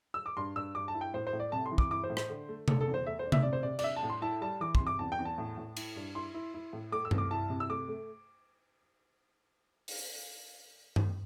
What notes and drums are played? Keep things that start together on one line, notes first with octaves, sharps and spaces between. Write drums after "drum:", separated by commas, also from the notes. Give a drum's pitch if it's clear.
E6
D6
G2 C6
G2 E6
G2 D6
A5
E4
G5
A2 C5
C5
A2
D5
C3 A5
C6
E3
D6, drum: kick
E4 D6
C5
A2
C5, drum: rim click
D3
A3
D3 A4, drum: tom C3
A4
E2
C5
A3 E5
C5
D4
E5, drum: tom C3
C3 D5
C5
C3 D5
D5, drum: cymbal
D4 E5
A5
A2
C6
E4 A5
G3 A5
E3 D6
C6, drum: kick
C3
D6
E2 A5
G5
E2
A5
A2
A2
E4, drum: cymbal
G2
E4 C6
E4
E4
A2
A3 D6
E6
C2, drum: tom G2
D6
E4 A5
C3
E6
A3 D6
A3
drum: open hi-hat
drum: tom G2